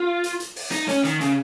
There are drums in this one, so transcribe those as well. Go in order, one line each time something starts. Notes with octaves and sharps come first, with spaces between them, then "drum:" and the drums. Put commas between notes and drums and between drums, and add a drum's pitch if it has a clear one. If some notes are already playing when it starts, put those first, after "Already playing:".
Already playing: F4
drum: hi-hat
drum: hi-hat
drum: open hi-hat
D#4, drum: hi-hat
C#4, drum: hi-hat
D#3, drum: hi-hat
C#3, drum: hi-hat